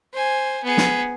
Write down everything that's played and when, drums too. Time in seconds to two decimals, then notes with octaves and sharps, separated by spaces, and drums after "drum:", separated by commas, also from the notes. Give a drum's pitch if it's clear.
0.14 C5 G#5
0.64 B3 G#4
0.77 drum: snare